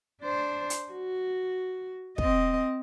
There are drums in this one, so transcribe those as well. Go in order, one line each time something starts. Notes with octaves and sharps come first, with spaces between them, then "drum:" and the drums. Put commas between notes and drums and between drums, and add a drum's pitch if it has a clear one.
D4 C5
drum: hi-hat
F#4
C4 D#5, drum: kick